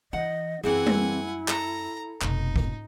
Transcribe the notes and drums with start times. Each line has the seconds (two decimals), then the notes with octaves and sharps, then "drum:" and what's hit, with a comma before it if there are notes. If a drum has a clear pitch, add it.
0.13 E3 D#5 F#5
0.64 F#2 E3 C4 E4 G#4 F#5 G#5
0.86 drum: tom G3
1.48 A4 A#5, drum: clap
2.22 F1 B2 D#4, drum: clap
2.56 drum: kick